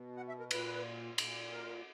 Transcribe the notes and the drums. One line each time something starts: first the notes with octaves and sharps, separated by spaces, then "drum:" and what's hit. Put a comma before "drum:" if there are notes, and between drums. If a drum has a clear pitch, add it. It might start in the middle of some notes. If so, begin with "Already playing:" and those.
Already playing: B2
F#5
E5
A#4
A#2 B4, drum: cymbal
A#2, drum: cymbal
A#4